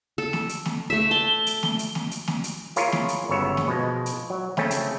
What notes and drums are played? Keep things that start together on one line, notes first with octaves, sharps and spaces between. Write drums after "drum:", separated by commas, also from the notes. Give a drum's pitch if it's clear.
A4
drum: snare
drum: hi-hat
drum: snare
A3 E5
A5 G7
drum: hi-hat
drum: snare
drum: hi-hat
drum: snare
drum: hi-hat
drum: snare
drum: hi-hat
E4 F4 G#4 A#4 C#5 F5, drum: hi-hat
drum: snare
drum: hi-hat
G1 C#3 F#3 B3 C#5 E5
drum: snare
B2 F3 G#3
drum: hi-hat
F#3
C#3 A3 C4 C#4, drum: snare
drum: hi-hat